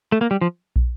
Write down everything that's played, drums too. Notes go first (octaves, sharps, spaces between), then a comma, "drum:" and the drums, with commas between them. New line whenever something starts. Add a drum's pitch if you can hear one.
A3
A#3
G3
F3
drum: kick